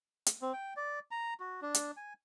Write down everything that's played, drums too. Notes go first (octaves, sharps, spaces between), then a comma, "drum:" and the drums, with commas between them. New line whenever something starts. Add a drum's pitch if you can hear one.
drum: hi-hat
C4
G5
D5
A#5
F#4
D4
drum: hi-hat
G#5